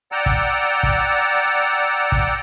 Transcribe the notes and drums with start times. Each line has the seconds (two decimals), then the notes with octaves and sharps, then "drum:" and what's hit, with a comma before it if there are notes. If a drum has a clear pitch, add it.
0.12 D5 F#5 G5 A#5 E6
0.26 drum: kick
0.83 drum: kick
2.12 drum: kick